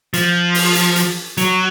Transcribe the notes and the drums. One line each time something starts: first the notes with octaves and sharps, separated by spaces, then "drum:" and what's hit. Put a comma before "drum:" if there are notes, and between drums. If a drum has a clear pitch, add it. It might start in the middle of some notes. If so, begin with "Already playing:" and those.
F3, drum: hi-hat
drum: open hi-hat
drum: hi-hat
drum: hi-hat
F#3, drum: hi-hat